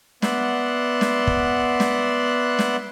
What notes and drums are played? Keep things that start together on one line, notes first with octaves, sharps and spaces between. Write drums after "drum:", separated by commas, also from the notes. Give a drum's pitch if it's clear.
B3 D5 E5 F#5 C6 F#6, drum: snare
drum: snare
drum: kick
drum: snare
drum: snare